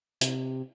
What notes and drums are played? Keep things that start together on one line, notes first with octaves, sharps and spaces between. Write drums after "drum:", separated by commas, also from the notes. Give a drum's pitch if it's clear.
C3, drum: hi-hat